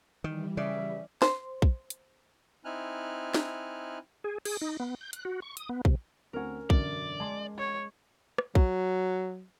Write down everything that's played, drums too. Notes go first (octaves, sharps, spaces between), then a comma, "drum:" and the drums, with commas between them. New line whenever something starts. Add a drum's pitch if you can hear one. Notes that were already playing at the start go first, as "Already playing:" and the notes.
D#3 E3 G3
C#3 C#4 D5 E5
C5, drum: snare
drum: kick
drum: hi-hat
C4 D#4 E4 G#5 F6 F#6
drum: snare
G#4
G#4, drum: cymbal
D#4
B3
G6
F#6, drum: hi-hat
F#4
C#6
D#6, drum: hi-hat
B3
C3, drum: kick
D2 C4 C#4 A#4 F#5
E1 F#2 D3 D5, drum: kick
G#3 A5 C6 D6
C#5 G#6
drum: rim click
F#3, drum: kick